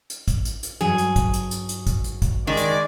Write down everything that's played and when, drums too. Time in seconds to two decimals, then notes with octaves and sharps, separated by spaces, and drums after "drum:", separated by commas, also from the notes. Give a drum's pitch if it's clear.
0.10 drum: hi-hat
0.28 drum: kick, hi-hat
0.45 drum: hi-hat
0.63 drum: hi-hat
0.81 G2 F#3 G#4
0.98 drum: hi-hat
1.16 drum: kick, hi-hat
1.34 drum: hi-hat
1.51 drum: hi-hat
1.69 drum: hi-hat
1.87 drum: kick, hi-hat
2.04 drum: hi-hat
2.22 drum: kick, hi-hat
2.47 D#3 G#3 D5
2.57 drum: hi-hat